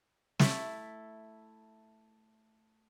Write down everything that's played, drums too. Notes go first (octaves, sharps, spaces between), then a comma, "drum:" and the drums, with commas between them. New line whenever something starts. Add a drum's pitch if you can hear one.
A3 E4, drum: snare